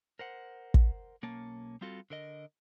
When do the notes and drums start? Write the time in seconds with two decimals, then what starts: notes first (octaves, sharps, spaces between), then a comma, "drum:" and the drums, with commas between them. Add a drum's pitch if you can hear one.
0.19 A#4 C5 F#5
0.74 drum: kick
1.23 B1 A#3 C#4 A5
1.81 G3 C4 F4 F#4 A4
2.10 D3 A#4 D#5